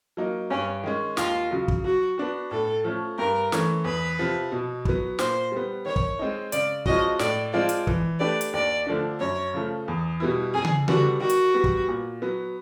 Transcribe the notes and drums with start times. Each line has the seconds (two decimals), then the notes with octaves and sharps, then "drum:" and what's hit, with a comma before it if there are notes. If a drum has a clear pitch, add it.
0.17 F#3 A#3 D#4
0.50 G2 C#4
0.83 D#3 G#3 C#4
1.17 D#2 F4, drum: snare
1.51 C#3 F#3
1.68 drum: kick
1.84 F#3 F#4
2.18 B3 D4 F#4
2.51 A2 A4
2.84 F3 A3 C#4
3.18 G2 A#4
3.52 E3 A3 C#4, drum: snare
3.84 E2 B4
4.19 C3 F3
4.52 B2
4.85 F#3 B3, drum: kick
5.19 A#2 C5, drum: snare
5.52 G3 B3
5.86 D#3 C#5
5.96 drum: kick
6.19 G#3 C4 D#4
6.52 C#3 D5, drum: hi-hat
6.86 F3 G#3 C#4 F#4 D#5, drum: kick
7.19 A2 D5, drum: snare
7.53 F3 G#3 C4 F4 D5
7.69 drum: hi-hat
7.87 E3, drum: kick
8.20 A3 D4 G4 B4 D5
8.41 drum: hi-hat
8.53 D#2 D5
8.87 D3 F3 A3 D4
9.20 F#2 C#5
9.54 C#3 F3 A3
9.88 E2
10.20 B2 G3 B3 E4
10.54 F2 G#4
10.65 drum: tom C#3
10.88 D3 G3 B3 D4 F#4, drum: tom C#3
11.20 D#3 F#4
11.29 drum: hi-hat
11.54 G3 B3
11.64 drum: kick
11.88 A#2
12.22 F#3 B3